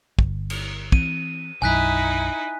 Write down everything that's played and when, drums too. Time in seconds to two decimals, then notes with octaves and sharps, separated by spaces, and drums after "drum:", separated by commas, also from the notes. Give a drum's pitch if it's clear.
0.19 G1, drum: kick
0.50 drum: cymbal
0.92 E3 C4 D#7, drum: kick
1.62 B1 F#2 D#4 E4 G#5 F#6 B6